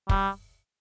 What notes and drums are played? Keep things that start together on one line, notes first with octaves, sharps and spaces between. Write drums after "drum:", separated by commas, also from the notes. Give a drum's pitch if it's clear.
G3, drum: kick